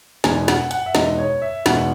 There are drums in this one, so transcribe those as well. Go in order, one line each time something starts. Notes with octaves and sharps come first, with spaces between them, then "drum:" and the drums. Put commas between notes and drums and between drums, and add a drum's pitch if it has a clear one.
E2 B2 G#3 B3 D#4 G#5, drum: snare
F#5, drum: snare
F#5, drum: hi-hat
E5
E2 B2 G#3 B3 D#4 D#5, drum: snare
C#5
E5
E2 B2 G#3 B3 D#4 F#5, drum: snare